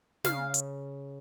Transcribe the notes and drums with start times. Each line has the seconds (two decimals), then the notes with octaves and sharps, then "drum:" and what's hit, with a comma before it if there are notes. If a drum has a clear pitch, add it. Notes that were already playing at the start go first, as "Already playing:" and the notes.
0.24 C#3 F5, drum: snare
0.54 drum: hi-hat